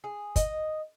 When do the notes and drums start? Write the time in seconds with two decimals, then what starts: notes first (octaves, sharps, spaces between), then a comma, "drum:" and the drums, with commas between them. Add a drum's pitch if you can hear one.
0.04 G#4
0.36 D#5, drum: kick, hi-hat